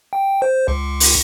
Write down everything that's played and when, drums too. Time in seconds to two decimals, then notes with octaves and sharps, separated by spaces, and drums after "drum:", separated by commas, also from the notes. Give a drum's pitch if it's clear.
0.13 G5
0.42 C5
0.68 C#2
1.00 drum: open hi-hat